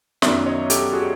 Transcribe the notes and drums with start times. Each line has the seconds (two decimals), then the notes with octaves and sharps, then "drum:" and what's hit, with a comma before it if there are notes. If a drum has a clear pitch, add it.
0.22 F#2 D#3 F#3 B3 D5 E5, drum: snare
0.46 C#5 D#5
0.70 G4 A4, drum: hi-hat
0.93 F#4 G#4